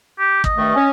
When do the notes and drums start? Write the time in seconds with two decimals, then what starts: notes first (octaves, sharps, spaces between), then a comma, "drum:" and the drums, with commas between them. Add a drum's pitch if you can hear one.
0.19 G4
0.44 D#5, drum: kick
0.57 G2 D#3 A3
0.75 C#4